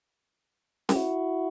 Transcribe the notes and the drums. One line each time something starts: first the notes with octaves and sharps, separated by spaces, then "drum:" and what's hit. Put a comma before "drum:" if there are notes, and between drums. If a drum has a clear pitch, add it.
G4, drum: snare C#4
E4 F#4